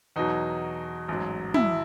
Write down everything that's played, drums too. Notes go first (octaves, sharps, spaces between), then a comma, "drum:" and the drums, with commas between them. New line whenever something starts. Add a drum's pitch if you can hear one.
E2 B2 F#3 D#4
A1 G#2 F#3
E4, drum: tom